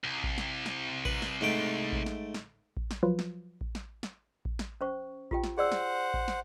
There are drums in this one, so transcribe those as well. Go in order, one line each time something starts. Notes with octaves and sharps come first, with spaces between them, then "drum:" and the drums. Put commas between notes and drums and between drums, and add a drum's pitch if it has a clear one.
C2
drum: kick A1
drum: snare
drum: snare
B4, drum: kick A1
drum: snare
G#2 A3 G5
drum: kick A1
drum: snare
drum: snare
drum: kick A1
drum: snare
F3 F#3 F4 B4
drum: snare
drum: kick A1
drum: snare
drum: snare
drum: kick A1
drum: snare
C#4 C5 C#6
F4 G4 G5, drum: kick A1
drum: snare
G#4 C5 D5 F#5 E6
drum: snare
drum: kick A1
drum: snare